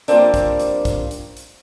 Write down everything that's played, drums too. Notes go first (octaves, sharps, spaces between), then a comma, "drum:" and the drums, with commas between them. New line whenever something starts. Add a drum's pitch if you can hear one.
F3 G3 A#3 C4 D4, drum: hi-hat
drum: kick, hi-hat
drum: hi-hat
drum: kick, hi-hat
drum: hi-hat
drum: hi-hat